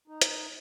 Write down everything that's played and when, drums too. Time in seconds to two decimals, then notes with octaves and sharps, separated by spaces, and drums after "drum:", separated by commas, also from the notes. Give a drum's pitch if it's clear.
0.08 D#4
0.22 drum: hi-hat